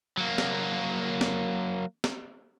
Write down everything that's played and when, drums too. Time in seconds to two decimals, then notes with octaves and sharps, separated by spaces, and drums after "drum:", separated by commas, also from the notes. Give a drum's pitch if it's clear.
0.18 F#3 A#3
0.38 drum: snare
1.21 drum: snare
2.04 drum: snare